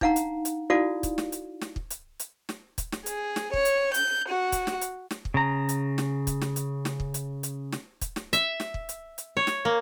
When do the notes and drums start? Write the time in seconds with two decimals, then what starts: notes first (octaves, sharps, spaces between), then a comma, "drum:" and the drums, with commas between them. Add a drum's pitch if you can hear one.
0.01 D4 D#4 F5 F#5 A#5, drum: kick
0.16 drum: hi-hat
0.45 drum: hi-hat
0.70 D#4 E4 F#4 A4 D5 F5
1.03 drum: kick, hi-hat
1.18 drum: snare
1.32 drum: hi-hat
1.61 drum: snare
1.76 drum: kick
1.91 drum: hi-hat
2.20 drum: hi-hat
2.49 drum: snare
2.78 drum: kick, hi-hat
2.92 drum: snare
3.06 G#4, drum: hi-hat
3.36 drum: snare
3.53 C#5, drum: kick
3.65 drum: hi-hat
3.94 G6, drum: hi-hat
4.30 F#4
4.52 drum: kick, hi-hat
4.67 drum: snare
4.81 drum: hi-hat
5.11 drum: snare
5.25 drum: kick
5.34 C#3 A#5
5.69 drum: hi-hat
5.98 drum: snare
6.27 drum: kick, hi-hat
6.41 drum: snare
6.56 drum: hi-hat
6.85 drum: snare
7.00 drum: kick
7.14 drum: hi-hat
7.43 drum: hi-hat
7.72 drum: snare
8.01 drum: kick, hi-hat
8.16 drum: snare
8.33 E5, drum: hi-hat
8.60 drum: snare
8.74 drum: kick
8.89 drum: hi-hat
9.18 drum: hi-hat
9.37 C#5
9.47 drum: snare
9.65 A#3